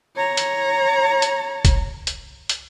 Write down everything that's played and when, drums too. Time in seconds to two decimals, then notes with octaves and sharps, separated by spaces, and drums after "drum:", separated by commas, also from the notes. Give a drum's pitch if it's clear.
0.16 C#5 A#5
0.37 drum: hi-hat
1.22 drum: hi-hat
1.65 drum: kick E1, hi-hat
2.07 drum: hi-hat
2.49 drum: hi-hat